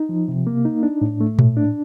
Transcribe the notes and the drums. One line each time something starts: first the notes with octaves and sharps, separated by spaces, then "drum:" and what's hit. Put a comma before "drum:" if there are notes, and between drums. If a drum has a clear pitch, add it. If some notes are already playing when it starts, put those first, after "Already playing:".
Already playing: D#4
F3
C3
A#3
D#4
D4
A2
A3
A2, drum: tom A#2
D4